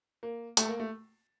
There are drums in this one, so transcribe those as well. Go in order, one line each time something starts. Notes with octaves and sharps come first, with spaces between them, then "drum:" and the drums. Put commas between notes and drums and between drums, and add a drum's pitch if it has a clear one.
A#3
A3, drum: hi-hat
A#3
A3